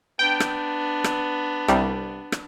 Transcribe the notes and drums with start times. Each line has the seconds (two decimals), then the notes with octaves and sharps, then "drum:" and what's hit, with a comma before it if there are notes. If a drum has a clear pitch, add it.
0.19 B3 D4 G5
0.40 drum: rim click
1.04 drum: rim click
1.68 C2 G3, drum: rim click
2.32 drum: rim click